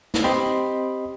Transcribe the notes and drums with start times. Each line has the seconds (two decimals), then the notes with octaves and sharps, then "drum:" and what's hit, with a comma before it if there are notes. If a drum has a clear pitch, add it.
0.14 drum: snare
0.24 C4 G4 D#5 G5 B5 C6